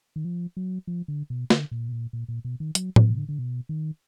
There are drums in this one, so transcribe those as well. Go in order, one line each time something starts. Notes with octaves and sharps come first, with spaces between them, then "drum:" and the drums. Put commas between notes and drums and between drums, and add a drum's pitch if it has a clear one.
D#3
F3
F#3
F3
D3
B2
D3, drum: snare
A#2
B2
A#2
A#2
A#2
B2
D#3
F#3, drum: hi-hat
F3, drum: tom A2
B2
D3
D3
B2
D#3